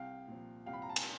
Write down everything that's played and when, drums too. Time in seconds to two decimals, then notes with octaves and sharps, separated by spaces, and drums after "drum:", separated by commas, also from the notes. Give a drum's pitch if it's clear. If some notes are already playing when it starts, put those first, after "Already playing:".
Already playing: C2 F5 G5
0.28 A#2 F3
0.66 C2 F5 G5
0.73 B5
0.82 A#5
0.89 A5
0.96 G#5, drum: cymbal